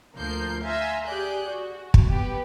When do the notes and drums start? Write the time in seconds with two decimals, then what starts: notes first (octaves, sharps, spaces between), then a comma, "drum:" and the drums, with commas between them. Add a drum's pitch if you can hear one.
0.16 D2 F3 A#3 A#4 G6 C7
0.63 E5 F5 G#5 A#5 C6 E6
1.07 G4 G#4 D5 F#6 G6
1.47 F#4
1.94 drum: kick
2.10 B3 G4 B4